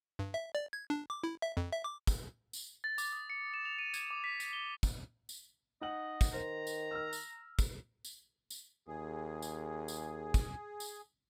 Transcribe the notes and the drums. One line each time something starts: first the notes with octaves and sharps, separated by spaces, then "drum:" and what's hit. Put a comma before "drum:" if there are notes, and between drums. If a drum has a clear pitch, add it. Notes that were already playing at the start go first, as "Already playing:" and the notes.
G2
E5
D5
G#6
D4
D6
E4
E5
F2
E5
D6
drum: kick, tambourine
drum: tambourine
A6
D6, drum: tambourine
D#6
C#7
E7
F7
D#7
G#6, drum: tambourine
D6
B6
B6, drum: tambourine
G7
drum: kick, tambourine
drum: tambourine
D#4 D#5 F#5 F#7
drum: kick, tambourine
D#3 C5 A#5
drum: tambourine
E6 F6
drum: tambourine
drum: kick, tambourine
drum: tambourine
drum: tambourine
D#2 G#4
drum: tambourine
drum: tambourine
drum: kick, tambourine
drum: tambourine